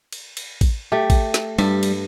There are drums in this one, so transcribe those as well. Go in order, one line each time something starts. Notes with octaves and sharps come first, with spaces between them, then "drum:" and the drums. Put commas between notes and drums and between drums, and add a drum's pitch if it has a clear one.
drum: cymbal
drum: cymbal
drum: kick, cymbal
A3 G4
drum: kick, cymbal
drum: snare
G2 G3, drum: cymbal
drum: cymbal